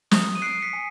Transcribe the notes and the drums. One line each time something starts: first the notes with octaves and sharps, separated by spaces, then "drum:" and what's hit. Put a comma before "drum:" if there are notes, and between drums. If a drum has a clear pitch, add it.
D#6, drum: snare
D#7
F#6 C7 D7
C7
B6 C#7
G#5